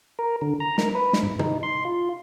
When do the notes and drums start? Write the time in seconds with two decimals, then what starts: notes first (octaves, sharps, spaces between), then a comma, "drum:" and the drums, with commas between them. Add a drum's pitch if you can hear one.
0.19 A#4
0.41 D3
0.60 A#5
0.78 A#4, drum: snare
0.95 B4
1.13 drum: snare
1.23 G#2
1.39 D#4, drum: tom
1.63 C6
1.85 F4